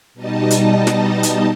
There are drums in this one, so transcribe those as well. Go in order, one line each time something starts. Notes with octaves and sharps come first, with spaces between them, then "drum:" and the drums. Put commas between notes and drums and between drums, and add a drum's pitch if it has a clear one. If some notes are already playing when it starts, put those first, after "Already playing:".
B2 G3 D#4 D#5 A5
drum: hi-hat
drum: snare
drum: hi-hat